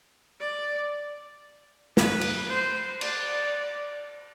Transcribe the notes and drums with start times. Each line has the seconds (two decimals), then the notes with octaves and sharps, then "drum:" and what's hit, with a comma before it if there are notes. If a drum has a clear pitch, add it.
0.41 D5
1.97 B4, drum: snare
2.21 drum: cymbal
2.49 C5
3.01 D5, drum: cymbal